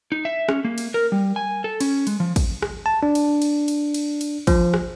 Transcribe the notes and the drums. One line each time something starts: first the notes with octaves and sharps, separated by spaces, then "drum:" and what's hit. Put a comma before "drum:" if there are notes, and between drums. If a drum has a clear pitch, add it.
D#4
E5
C#4, drum: rim click
A#3
drum: cymbal
A#4
G3
G#5
A4
C#4, drum: cymbal
G#3, drum: cymbal
F3
drum: kick, cymbal
drum: rim click
A5
D4
drum: cymbal
drum: cymbal
drum: cymbal
drum: cymbal
drum: cymbal
F3, drum: kick, cymbal
drum: rim click